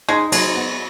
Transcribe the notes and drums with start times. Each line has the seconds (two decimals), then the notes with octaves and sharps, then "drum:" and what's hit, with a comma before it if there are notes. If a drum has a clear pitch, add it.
0.08 G#3 D#4
0.32 F#3 G#3, drum: cymbal
0.55 B3